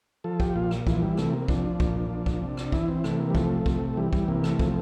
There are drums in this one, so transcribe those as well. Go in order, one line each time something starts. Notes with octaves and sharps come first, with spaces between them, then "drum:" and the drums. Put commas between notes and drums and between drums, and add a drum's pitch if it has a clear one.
F3 A4
G4, drum: kick
A#2 F4
drum: rim click
E3 F3, drum: kick
G3
C3 A3, drum: rim click
A#3
F3 D4, drum: kick
A#2, drum: kick
F3
drum: kick
C3
drum: rim click
E3 E4, drum: kick
C4
C3 A3, drum: rim click
A#3
G3
F3 A3, drum: kick
C3, drum: kick
E3 G3
G3, drum: kick
C3 A#3
A3, drum: rim click
F3, drum: kick